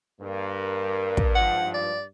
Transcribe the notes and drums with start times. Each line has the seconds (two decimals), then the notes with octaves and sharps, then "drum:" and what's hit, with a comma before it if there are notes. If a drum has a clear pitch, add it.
0.21 G2 A#3 A#4
1.17 drum: kick
1.35 G#2 F3 F#5
1.74 D5